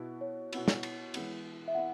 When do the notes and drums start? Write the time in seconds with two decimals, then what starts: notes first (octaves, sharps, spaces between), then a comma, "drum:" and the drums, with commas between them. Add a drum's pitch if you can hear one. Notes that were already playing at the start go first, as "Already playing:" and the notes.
Already playing: B2 B3 E4
0.21 C#5
0.53 B2 B3 E4, drum: cymbal
0.68 drum: snare
0.83 drum: cymbal
1.14 E3 G#3 B3 E4, drum: cymbal
1.68 E5
1.75 B3 E4 F#5